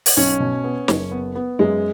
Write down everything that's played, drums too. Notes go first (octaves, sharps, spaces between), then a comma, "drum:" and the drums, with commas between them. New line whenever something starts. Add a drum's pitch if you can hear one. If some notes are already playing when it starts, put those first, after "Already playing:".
drum: open hi-hat
B1 C#4
B2
B3
F#1, drum: snare
B3
B3
F#2 G#3